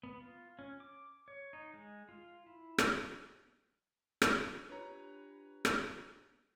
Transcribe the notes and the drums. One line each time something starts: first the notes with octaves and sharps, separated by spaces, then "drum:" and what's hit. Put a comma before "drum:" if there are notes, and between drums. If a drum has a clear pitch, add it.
B3
F4
C#4
D6
C#5
D#4
G#3
F4
E4
drum: rim click
drum: rim click
D4 F4 G4 B4 C#5 A#5
drum: rim click